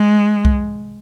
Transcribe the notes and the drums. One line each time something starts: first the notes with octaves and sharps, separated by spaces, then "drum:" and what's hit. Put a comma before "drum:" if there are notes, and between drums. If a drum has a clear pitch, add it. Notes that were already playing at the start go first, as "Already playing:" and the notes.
Already playing: G#3
drum: kick C2